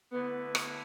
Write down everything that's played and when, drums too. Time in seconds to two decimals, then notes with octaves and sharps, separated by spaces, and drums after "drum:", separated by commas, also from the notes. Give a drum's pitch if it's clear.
0.12 D3 A3 B3 E4 B4
0.55 drum: rim click